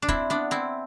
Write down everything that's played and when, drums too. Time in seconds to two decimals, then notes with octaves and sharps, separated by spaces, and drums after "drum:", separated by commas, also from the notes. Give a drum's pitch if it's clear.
0.02 D4
0.08 C4 E4, drum: kick E1
0.30 B3 D4
0.51 C4 E4